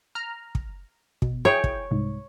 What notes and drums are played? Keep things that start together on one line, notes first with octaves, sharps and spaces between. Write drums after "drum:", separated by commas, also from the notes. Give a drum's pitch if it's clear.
A#5 F6
drum: kick
B2, drum: kick
E4 G#4 C#5 G5
drum: kick
C2 G#2